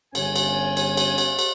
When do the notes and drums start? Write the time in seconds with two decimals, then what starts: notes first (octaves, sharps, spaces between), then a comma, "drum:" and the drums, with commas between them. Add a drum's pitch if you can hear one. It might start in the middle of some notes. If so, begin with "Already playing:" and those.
0.15 G1 C#4 G#5, drum: cymbal
0.36 drum: cymbal
0.77 drum: cymbal
0.97 drum: cymbal
1.18 drum: cymbal
1.39 drum: cymbal